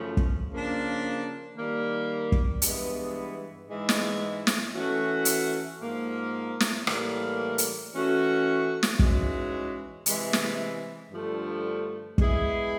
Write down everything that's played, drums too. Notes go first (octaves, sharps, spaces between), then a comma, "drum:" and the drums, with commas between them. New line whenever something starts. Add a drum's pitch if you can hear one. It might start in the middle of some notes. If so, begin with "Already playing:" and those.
Already playing: F#2 C#3 F3 A3
drum: kick
C#3 F3 A#3 D4
D#3 G3 A#3
drum: kick
G2 E3 G#3 B3, drum: hi-hat
G#2 E3 G#3
drum: snare
drum: snare
E3 A3 C#4 F#4
drum: hi-hat
G#2 F3 A#3
drum: snare
A2 E3 G3 A#3, drum: rim click
drum: hi-hat
E3 A3 C#4 F#4
drum: snare
G#2 E3 G#3 C#4 F#4, drum: kick
C3 E3 G#3, drum: hi-hat
drum: snare
G2 D3 F3 A3
G#3 B3 E4 G#4, drum: kick